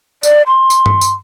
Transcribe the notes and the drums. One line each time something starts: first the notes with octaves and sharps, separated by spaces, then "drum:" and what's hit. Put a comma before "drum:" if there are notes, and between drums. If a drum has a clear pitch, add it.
D5, drum: tambourine
C6
drum: tambourine
drum: tom G2
drum: tambourine